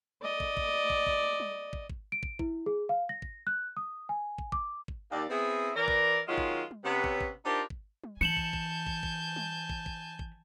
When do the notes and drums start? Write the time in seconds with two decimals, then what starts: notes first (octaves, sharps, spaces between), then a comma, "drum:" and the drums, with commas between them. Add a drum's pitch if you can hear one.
0.22 D5 D#5
0.40 drum: kick
0.57 drum: kick
0.90 drum: kick
1.07 drum: kick
1.40 drum: tom G3
1.73 drum: kick
1.90 drum: kick
2.12 D7
2.23 drum: kick
2.39 E4, drum: kick
2.66 G#4
2.89 F5
3.09 A#6
3.22 drum: kick
3.47 F#6
3.77 D#6
4.09 G#5
4.38 drum: kick
4.52 D6, drum: kick
4.88 drum: kick
5.11 D#2 A#3 D5
5.29 B3 C4 E4 G#4
5.76 E3 A#4 D5
5.88 drum: kick
6.28 D#3 F#3 G#3 C#4 F4
6.38 drum: kick
6.71 drum: tom G3
6.84 C3 B3 C#4
7.04 drum: kick
7.21 drum: kick
7.45 D4 D#4 F4 G4 A#4 C5
7.70 drum: kick
8.04 drum: tom G3
8.21 E3 G#5 A5 G6 C#7 E7 F#7
8.37 drum: kick
8.53 drum: kick
8.87 drum: kick
9.03 drum: kick
9.36 drum: tom G3
9.69 drum: kick
9.86 drum: kick
10.19 drum: kick